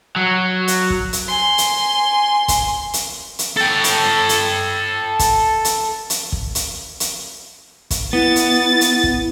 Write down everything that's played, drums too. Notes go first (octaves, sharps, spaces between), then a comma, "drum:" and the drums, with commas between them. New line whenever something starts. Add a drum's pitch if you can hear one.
F#3
drum: hi-hat
drum: kick
drum: hi-hat
G#5 C6
drum: hi-hat
drum: kick, hi-hat
drum: hi-hat
drum: hi-hat
A4 G5
drum: hi-hat
drum: hi-hat
drum: kick, hi-hat
drum: hi-hat
drum: hi-hat
drum: kick
drum: hi-hat
drum: hi-hat
drum: kick, hi-hat
B3 E4 A6
drum: hi-hat
drum: hi-hat
drum: kick